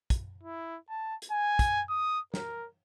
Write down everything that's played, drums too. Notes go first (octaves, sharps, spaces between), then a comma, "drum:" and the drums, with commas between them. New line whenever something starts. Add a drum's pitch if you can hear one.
drum: kick, hi-hat
E4
A5
drum: hi-hat
G#5
drum: kick, hi-hat
D#6
A#4, drum: snare